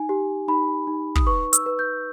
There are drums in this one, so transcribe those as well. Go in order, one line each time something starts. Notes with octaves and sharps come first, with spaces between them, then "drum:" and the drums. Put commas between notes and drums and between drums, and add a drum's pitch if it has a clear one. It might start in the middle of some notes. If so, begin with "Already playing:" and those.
Already playing: D#4 G#5
G4
D#4 B5
D#4
D#6, drum: kick
B4 C#6
E6, drum: hi-hat
B4
G6